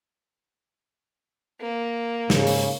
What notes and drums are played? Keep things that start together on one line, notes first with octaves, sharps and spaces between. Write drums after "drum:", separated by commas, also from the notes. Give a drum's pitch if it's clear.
A#3
G#2 C#3, drum: snare
drum: open hi-hat